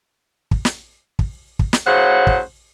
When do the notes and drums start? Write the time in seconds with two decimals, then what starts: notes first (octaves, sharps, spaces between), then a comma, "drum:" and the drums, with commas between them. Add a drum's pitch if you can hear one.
0.51 drum: kick
0.65 drum: snare
1.19 drum: kick
1.59 drum: kick
1.73 drum: snare
1.86 A2 C#3 F#3 C5 F#5
2.27 drum: kick